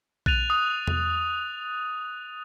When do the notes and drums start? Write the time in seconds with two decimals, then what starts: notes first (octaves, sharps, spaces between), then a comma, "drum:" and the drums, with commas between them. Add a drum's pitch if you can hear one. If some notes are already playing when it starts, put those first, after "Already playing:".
0.26 F#6 A6 D#7 F7, drum: kick B1
0.50 D#6
0.87 drum: tom E2